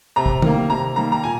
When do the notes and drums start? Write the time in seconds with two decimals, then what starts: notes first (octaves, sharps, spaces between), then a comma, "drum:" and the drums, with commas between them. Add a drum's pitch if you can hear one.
0.16 C3 A#5
0.26 drum: kick
0.42 D#3 G3 A#3, drum: tom
0.70 C3 A#5
0.96 D#3 G3 A#3 A#5
1.12 A#5
1.24 A#2 G#5